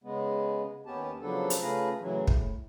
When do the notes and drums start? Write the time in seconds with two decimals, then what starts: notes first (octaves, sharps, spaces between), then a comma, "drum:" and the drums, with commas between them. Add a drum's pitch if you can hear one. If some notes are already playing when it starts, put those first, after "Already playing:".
0.04 C#3 G#3 B3
0.86 D#2 B3 C#4 G4 A5
1.20 C#3 F3 F#3 B3 D4 A4
1.50 drum: hi-hat
1.60 C#3 A3 F4 G#4 B4 A#5
2.00 A2 C#3 E3 F#3
2.27 A2, drum: kick